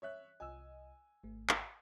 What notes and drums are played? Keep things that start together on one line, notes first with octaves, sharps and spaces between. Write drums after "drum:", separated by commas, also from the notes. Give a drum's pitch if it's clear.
C#5 E5 F#6
C2 F4 D#5 G#5 E6
G#1 A3
drum: clap